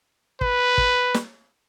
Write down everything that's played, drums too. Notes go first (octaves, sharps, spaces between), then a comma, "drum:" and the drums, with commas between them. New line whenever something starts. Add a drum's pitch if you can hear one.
B4, drum: kick
drum: kick
drum: snare